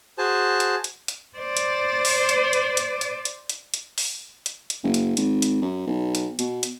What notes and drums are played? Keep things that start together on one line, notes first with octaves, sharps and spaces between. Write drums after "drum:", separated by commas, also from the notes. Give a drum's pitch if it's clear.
F#4 G#4 C5 G#5 A5
drum: hi-hat
drum: hi-hat
drum: hi-hat
C5 D5
drum: hi-hat
drum: open hi-hat
drum: hi-hat
drum: hi-hat
drum: hi-hat
drum: hi-hat
drum: hi-hat
drum: hi-hat
drum: hi-hat
drum: open hi-hat
drum: hi-hat
drum: hi-hat
F#1
drum: hi-hat
G#1, drum: hi-hat
drum: hi-hat
F#2
B1
drum: hi-hat
B2, drum: hi-hat
drum: hi-hat